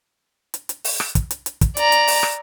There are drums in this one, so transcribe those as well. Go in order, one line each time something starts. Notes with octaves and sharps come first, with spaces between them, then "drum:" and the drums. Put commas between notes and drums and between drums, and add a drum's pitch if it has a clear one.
drum: hi-hat
drum: hi-hat
drum: open hi-hat
drum: rim click
drum: kick, hi-hat
drum: hi-hat
drum: hi-hat
drum: kick, hi-hat
D5 A#5, drum: hi-hat
drum: hi-hat
drum: open hi-hat
drum: rim click